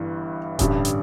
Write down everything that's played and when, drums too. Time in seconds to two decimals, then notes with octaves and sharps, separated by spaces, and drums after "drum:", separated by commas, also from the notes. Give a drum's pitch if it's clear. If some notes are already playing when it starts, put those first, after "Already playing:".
Already playing: G1 G2 E3
0.59 A1 G2 D3 G3, drum: kick D#1, hi-hat
0.85 drum: hi-hat